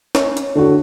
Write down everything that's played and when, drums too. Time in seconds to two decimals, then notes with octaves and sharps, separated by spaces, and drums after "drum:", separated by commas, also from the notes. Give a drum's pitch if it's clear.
0.15 C#4, drum: snare
0.37 drum: hi-hat
0.55 A2 D3 F#4